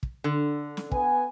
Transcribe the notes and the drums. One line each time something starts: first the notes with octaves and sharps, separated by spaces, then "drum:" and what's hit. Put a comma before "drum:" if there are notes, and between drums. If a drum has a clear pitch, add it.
drum: kick
D3
drum: snare
B3 G#5, drum: kick